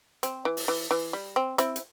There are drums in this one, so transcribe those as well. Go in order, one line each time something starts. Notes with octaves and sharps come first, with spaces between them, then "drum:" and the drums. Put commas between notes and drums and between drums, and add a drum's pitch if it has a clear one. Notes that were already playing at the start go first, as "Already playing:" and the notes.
C4, drum: hi-hat
E3
drum: open hi-hat
E3
E3
G3
C4
C4 E4, drum: hi-hat
drum: hi-hat